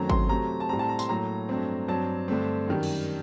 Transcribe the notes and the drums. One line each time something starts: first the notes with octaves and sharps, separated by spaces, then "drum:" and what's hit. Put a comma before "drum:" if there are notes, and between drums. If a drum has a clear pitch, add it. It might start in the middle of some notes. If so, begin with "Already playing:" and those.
Already playing: F#2 D#3 F#3 A3 C4 A#5
C6, drum: kick G#1
C3 F#3 A3 C4 A#5
A5
A2 G3 C4 A#5
A5
A#5
C6, drum: tambourine
A2 F#3 A#3 A#5
G2 F#3 A3 C4
G2 F#3 C4 A5
G2 D3 A3 C4
F#2 D#3 G3
drum: cymbal